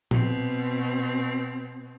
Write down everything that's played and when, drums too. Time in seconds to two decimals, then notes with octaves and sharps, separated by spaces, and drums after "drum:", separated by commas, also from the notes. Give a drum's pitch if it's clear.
0.11 B2 C4, drum: tom A#2